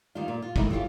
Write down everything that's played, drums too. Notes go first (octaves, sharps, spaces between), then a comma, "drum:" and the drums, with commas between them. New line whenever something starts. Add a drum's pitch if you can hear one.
D2 D#3 G3 F4
A#2
F4
G2 D#3 G#3 A3 D#4 E4, drum: kick
E3 F#3 F4 G4